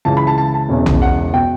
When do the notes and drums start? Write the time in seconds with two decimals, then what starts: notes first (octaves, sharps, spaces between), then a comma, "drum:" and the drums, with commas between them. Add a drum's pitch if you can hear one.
0.05 C#2 C#3 E3 A5
0.17 B5
0.27 A5
0.38 A5
0.54 A5
0.69 E1 E2 C#3 E3
0.86 drum: tom B1
1.02 F#5
1.34 B2 G5